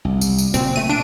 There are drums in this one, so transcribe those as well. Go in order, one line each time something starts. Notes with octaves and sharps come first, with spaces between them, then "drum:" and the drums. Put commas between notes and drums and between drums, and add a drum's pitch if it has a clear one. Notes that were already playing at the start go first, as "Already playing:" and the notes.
C2
drum: tambourine
drum: tambourine
A#2 C#3 F#3 C4, drum: tambourine
A3 D#7
D4 D7